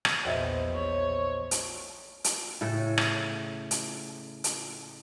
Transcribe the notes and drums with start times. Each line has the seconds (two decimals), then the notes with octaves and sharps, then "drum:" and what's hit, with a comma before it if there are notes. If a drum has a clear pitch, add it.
0.05 drum: rim click
0.25 A#1 E2 C5 D#5 E5
0.75 C#5
1.51 drum: hi-hat
2.24 drum: hi-hat
2.61 A2 C#3 A4 G5
2.98 drum: rim click
3.71 drum: hi-hat
4.44 drum: hi-hat